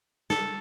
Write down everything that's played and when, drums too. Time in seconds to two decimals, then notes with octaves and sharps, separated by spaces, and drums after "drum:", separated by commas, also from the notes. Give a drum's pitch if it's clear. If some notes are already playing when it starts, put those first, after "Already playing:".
0.30 A4, drum: snare